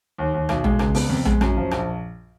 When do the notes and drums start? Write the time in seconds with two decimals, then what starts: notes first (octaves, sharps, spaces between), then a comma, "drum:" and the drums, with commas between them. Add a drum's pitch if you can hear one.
0.18 D#2
0.34 D#2
0.49 B1, drum: rim click
0.64 G#3, drum: tom A#1
0.79 C#2, drum: rim click
0.95 B3, drum: open hi-hat
1.09 F2
1.25 G#3, drum: tom A#1
1.41 F#2, drum: rim click
1.57 F3
1.71 A#1, drum: rim click